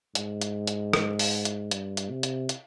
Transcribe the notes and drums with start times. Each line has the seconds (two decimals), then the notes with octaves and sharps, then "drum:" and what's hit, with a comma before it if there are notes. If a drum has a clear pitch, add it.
0.15 G#2, drum: hi-hat
0.42 drum: hi-hat
0.67 drum: hi-hat
0.93 drum: rim click
1.19 drum: open hi-hat
1.45 drum: hi-hat
1.71 G2, drum: hi-hat
1.97 drum: hi-hat
2.10 C3
2.23 drum: hi-hat
2.49 drum: hi-hat